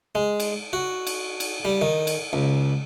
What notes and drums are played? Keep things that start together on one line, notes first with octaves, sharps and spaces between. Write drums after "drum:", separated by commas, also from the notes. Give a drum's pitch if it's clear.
G#3
drum: cymbal
F#4
drum: cymbal
drum: cymbal
G3
D#3
drum: cymbal
C#2